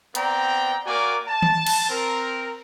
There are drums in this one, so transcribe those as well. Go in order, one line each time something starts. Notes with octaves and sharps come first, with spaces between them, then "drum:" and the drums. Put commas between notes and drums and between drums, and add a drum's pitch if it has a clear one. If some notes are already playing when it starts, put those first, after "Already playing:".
B3 C4 D5 G5 A#5, drum: hi-hat
A#3 F#4 A#4 D5 G#5 D6
A5
drum: tom
drum: cymbal
C4 A#4